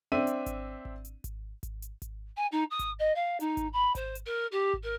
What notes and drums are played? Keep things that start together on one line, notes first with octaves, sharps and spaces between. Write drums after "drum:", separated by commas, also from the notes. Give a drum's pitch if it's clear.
C4 D4 E5 D#7
drum: hi-hat
drum: kick G#1, hi-hat
drum: kick G#1
drum: hi-hat
drum: kick G#1, hi-hat
drum: kick G#1, hi-hat
drum: hi-hat
drum: kick G#1, hi-hat
G#5
D#4
D#6
drum: kick G#1, hi-hat
D#5
F5
D#4, drum: hi-hat
drum: kick G#1, hi-hat
B5
C5, drum: kick G#1, hi-hat
drum: hi-hat
A#4
G4
drum: kick G#1
A#4